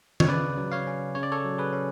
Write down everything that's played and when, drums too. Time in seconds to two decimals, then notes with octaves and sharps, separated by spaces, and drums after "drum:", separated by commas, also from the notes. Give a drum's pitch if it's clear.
0.20 C#5, drum: tom D#3
0.28 C#3 B4 D5
0.57 F#3
0.72 C#5 F5
0.87 C#4
1.15 C#3 C#5
1.23 D5
1.32 A4 C#5
1.45 F#3
1.58 G#4 B4
1.73 C#4